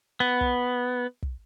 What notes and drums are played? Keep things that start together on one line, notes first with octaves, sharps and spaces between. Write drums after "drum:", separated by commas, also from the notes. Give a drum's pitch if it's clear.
B3
drum: kick
drum: kick